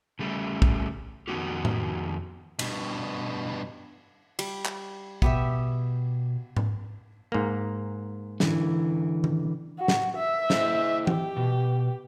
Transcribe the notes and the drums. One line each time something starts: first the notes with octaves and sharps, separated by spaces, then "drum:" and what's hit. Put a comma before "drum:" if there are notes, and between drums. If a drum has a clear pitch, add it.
C#3 G3 A3
drum: kick
F2 D#3 F#3 B3 F#4 G4
drum: tom A2
G2 B2, drum: cymbal
G3, drum: cymbal
drum: clap
B2 B3 G4 E5, drum: kick
drum: tom G#2
G#2 A#3
D3 E3, drum: snare
drum: tom D#3
F#4
drum: snare
E5
E4 C5 D#5, drum: snare
G4, drum: tom E3
B2